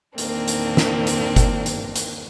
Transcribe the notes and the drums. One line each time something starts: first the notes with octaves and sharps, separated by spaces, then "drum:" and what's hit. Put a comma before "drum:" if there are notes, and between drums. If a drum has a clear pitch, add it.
E2 A#2 D#3 A#3 C4 D4, drum: hi-hat
drum: hi-hat
drum: snare
drum: hi-hat
drum: kick F#1, hi-hat
drum: hi-hat
drum: hi-hat